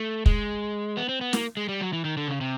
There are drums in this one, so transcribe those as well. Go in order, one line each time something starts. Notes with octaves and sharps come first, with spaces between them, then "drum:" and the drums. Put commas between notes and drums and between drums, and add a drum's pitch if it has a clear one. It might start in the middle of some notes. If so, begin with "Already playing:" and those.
Already playing: A3
G#3, drum: kick
B3
C4
B3
A#3, drum: snare
G#3
G3
F#3
E3
D#3
D3
C#3
C3